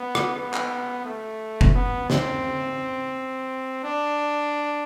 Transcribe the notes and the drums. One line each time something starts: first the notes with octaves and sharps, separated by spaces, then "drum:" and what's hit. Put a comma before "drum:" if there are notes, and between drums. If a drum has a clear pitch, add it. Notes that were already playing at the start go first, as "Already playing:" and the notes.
Already playing: B3
drum: rim click
B3
drum: clap
A3
drum: kick F#1
B3
C4, drum: snare
D4